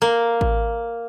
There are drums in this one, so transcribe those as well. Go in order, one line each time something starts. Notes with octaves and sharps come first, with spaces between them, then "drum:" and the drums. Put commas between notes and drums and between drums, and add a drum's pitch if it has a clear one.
A#3
drum: kick A1